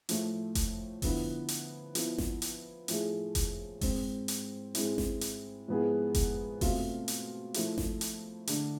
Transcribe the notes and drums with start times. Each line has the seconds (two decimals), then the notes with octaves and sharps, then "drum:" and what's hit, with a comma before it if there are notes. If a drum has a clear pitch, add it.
0.09 A2 F3 A3, drum: hi-hat
0.55 drum: kick F1, hi-hat
1.02 D3 F3 B3 E4, drum: kick F1, open hi-hat
1.48 drum: hi-hat
1.95 F3 B3 E4, drum: hi-hat
2.18 drum: snare G#1
2.42 drum: hi-hat
2.88 A2 F3 A3 E4 G#4, drum: hi-hat
3.35 drum: kick F1, hi-hat
3.81 G#2 G#3 C4, drum: kick F1, open hi-hat
4.28 drum: hi-hat
4.75 G#2 G#3 C4 E4, drum: hi-hat
4.98 drum: snare G#1
5.21 drum: hi-hat
5.68 G#2 F3 B3 E4 G#4
6.14 drum: kick F1, hi-hat
6.61 B2 A3 C4 F4, drum: kick F1, open hi-hat
7.08 drum: hi-hat
7.54 F3 A3 E4, drum: hi-hat
7.78 drum: snare G#1
8.01 drum: hi-hat
8.47 D3 A3 D4, drum: hi-hat